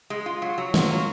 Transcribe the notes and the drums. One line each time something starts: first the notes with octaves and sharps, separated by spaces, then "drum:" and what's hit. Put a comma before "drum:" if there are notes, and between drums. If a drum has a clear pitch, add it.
G#3
F4
F#3
F#3
F4, drum: snare
F#3